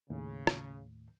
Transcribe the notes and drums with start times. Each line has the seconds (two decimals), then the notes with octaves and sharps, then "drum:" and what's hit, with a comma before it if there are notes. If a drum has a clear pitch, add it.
0.10 D#2 A2 C#3
0.47 drum: rim click